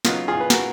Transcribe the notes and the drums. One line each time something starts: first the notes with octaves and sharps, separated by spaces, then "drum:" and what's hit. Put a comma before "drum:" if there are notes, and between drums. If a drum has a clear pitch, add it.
C#3 F#3 B3 D#4 F4, drum: snare
F4 G#4
B4
F#4 A#4, drum: snare